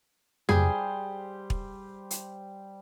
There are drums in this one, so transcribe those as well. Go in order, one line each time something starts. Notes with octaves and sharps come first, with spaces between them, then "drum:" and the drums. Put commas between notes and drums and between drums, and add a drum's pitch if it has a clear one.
G3 G#4 C5 C6, drum: tom F2
drum: kick
drum: hi-hat